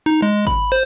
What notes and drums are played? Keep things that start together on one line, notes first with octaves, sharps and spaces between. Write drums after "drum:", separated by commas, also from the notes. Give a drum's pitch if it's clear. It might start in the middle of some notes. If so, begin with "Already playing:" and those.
D#4
G#3
B5, drum: kick G#1
C5